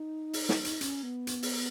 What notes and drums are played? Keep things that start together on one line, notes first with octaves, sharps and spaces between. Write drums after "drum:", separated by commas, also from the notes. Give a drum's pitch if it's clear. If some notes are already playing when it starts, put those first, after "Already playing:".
Already playing: D#4
drum: open hi-hat
drum: snare
drum: hi-hat
C#4, drum: hi-hat
B3
drum: hi-hat
drum: open hi-hat